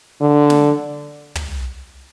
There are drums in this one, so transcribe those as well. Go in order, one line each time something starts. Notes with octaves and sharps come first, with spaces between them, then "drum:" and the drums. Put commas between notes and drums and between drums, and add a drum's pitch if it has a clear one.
D3
drum: snare
drum: tom